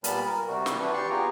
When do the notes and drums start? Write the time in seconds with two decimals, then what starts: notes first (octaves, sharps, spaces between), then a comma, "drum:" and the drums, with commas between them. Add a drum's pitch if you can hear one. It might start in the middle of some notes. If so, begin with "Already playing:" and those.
0.04 A#2 G3 B3 A5 B5 F6, drum: hi-hat
0.27 A#4
0.48 C3 G3 F#4
0.66 drum: snare
0.79 E3 D4 F#4 B4
0.93 G4 D5 C6 C#6
1.10 B3 F4 G4 G#4 A#5